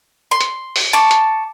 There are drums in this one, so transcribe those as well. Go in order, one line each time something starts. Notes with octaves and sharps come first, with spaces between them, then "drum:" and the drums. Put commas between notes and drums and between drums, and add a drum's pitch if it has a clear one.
C6
drum: hi-hat
drum: open hi-hat
A5 C#6 D6
drum: hi-hat